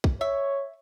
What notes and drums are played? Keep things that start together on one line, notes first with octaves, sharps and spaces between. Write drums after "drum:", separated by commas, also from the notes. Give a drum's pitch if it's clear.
drum: kick
C#5 E5